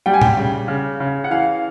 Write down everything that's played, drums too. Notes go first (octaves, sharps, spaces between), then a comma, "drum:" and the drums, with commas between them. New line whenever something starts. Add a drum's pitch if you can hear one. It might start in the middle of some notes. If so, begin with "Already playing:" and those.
G3 G5
G#5
G5, drum: tom A#2
C#3
C#3
C#3
F#5
E3 F5